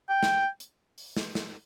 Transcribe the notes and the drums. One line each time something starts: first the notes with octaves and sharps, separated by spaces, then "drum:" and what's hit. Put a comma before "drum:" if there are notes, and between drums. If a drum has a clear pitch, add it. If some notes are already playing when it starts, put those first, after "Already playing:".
G5
drum: snare
drum: hi-hat
drum: open hi-hat
drum: snare
drum: snare